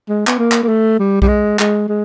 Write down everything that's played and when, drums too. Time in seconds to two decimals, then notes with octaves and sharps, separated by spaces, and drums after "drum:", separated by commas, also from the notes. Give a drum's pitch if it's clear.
0.09 G#3
0.27 B3, drum: clap
0.38 A#3
0.52 drum: clap
0.63 A#3
0.68 A3
0.99 G3
1.22 G3, drum: kick B1
1.28 G#3
1.59 G#3, drum: clap
1.88 G#3